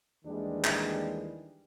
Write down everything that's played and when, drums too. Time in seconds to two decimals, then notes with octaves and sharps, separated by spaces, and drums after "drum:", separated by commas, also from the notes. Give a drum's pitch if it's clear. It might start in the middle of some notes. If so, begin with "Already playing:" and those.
0.25 D#2 D#3 E3 G3 G#3 D4
0.64 drum: clap